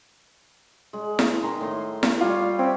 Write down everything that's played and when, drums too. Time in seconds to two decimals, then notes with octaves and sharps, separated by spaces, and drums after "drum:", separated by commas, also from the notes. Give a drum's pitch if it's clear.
0.93 G#3
1.19 drum: snare E4
1.42 D#3 A#5 C6
1.61 A2 C6
2.03 drum: snare E4
2.21 G3 F4 C#5
2.59 C4 C#5 E5